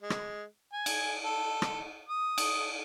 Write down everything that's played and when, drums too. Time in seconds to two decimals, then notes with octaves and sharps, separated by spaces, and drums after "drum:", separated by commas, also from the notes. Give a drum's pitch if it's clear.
0.01 G#3
0.10 drum: rim click
0.73 G#5
0.86 drum: cymbal
1.24 A4
1.62 drum: rim click
2.08 D#6
2.38 drum: cymbal